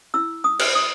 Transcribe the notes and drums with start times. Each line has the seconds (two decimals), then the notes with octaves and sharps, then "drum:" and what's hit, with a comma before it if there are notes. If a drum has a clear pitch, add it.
0.14 E4 E6
0.44 D#6
0.59 B4, drum: cymbal
0.75 D#6